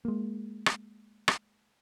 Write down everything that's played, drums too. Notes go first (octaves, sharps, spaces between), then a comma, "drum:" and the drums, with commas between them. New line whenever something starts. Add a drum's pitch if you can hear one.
G#3 A#3
drum: rim click
drum: rim click